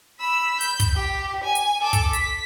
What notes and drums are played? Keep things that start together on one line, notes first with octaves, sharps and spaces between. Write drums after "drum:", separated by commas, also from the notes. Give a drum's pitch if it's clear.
B5 E6
G6, drum: hi-hat
drum: kick, hi-hat
G4
G#5
drum: hi-hat
A4 D6
drum: kick, hi-hat
B6, drum: hi-hat